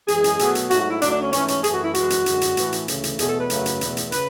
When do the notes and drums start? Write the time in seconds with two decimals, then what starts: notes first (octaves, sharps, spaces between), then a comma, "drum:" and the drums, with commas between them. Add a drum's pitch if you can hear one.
0.08 F#2 E3 G#3 G#4, drum: hi-hat
0.24 drum: hi-hat
0.39 B2 F#3 A3, drum: hi-hat
0.55 drum: hi-hat
0.71 G#2 F#3 A3 F#4, drum: hi-hat
0.81 F#4
0.91 E4
1.02 D2 D3 F#3 A3 D4, drum: hi-hat
1.12 D4
1.22 C#4
1.33 G#2 E3 A3 C#4, drum: hi-hat
1.48 C#4, drum: hi-hat
1.64 F#2 E3 A3 G#4, drum: hi-hat
1.74 F#4
1.84 E4
1.94 F#2 E3 G#3 F#4, drum: hi-hat
2.10 drum: hi-hat
2.26 F#2 D3 G#3, drum: hi-hat
2.41 drum: hi-hat
2.57 A2 E3 A3, drum: hi-hat
2.72 drum: hi-hat
2.88 D2 C#3 E3 A3, drum: hi-hat
3.04 drum: hi-hat
3.19 E2 B2 A3 G#4, drum: hi-hat
3.29 A4
3.40 B4
3.50 F#2 C#3 F#3 A3, drum: hi-hat
3.66 drum: hi-hat
3.81 E2 B2 A3, drum: hi-hat
3.97 drum: hi-hat
4.12 C#3 B4, drum: hi-hat